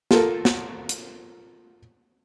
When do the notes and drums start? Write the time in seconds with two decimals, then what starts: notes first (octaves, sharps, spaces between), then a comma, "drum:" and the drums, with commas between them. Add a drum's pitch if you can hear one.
0.11 F4 A4 A#4, drum: snare
0.45 drum: snare
0.89 drum: hi-hat